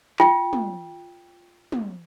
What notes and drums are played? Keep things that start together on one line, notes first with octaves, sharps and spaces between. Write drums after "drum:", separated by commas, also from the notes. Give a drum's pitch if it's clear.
F4 G5, drum: clap
drum: tom
drum: tom